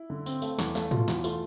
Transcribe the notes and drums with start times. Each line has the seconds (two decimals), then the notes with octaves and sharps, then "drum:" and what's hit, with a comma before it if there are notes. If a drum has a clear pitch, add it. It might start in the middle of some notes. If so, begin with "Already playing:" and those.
Already playing: E4
0.10 D3
0.26 C4, drum: tambourine
0.42 A3, drum: tambourine
0.59 E2, drum: snare
0.75 A3, drum: snare
0.91 B2 F4, drum: tom G#2
1.08 E2, drum: snare
1.24 A3 F4, drum: tambourine